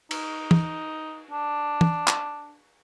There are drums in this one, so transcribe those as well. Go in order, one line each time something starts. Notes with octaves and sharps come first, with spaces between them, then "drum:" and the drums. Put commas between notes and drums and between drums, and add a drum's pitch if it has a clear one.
D#4, drum: cymbal
drum: tom
D4
drum: tom
drum: clap